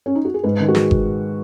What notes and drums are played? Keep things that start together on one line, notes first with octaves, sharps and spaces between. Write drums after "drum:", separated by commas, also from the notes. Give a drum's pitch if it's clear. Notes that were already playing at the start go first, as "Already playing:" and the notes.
C#4
D#4
F#4
G#4
G#2 B4
D#3
F#4
G#4, drum: snare
drum: kick G1